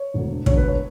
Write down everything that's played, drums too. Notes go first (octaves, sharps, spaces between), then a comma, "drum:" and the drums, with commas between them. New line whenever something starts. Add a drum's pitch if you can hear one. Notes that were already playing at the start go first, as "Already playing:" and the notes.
Already playing: C#5
E1 D2 D3
E1 D2 D3 C#5, drum: kick
B4
C#5